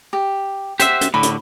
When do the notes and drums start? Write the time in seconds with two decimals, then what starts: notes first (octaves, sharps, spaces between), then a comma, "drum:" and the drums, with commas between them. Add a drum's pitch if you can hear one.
0.13 G4
0.80 G4 C5 E5 F#5, drum: hi-hat
1.01 drum: hi-hat
1.14 A2 D3 B5
1.23 drum: hi-hat